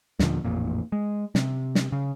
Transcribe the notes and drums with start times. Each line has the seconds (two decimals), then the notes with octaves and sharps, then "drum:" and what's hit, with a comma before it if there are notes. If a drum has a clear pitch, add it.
0.19 D#2 A#2 D3 F3, drum: snare
0.44 A1 F2 A#2
0.92 G#3
1.35 C3, drum: snare
1.75 drum: snare
1.92 C#3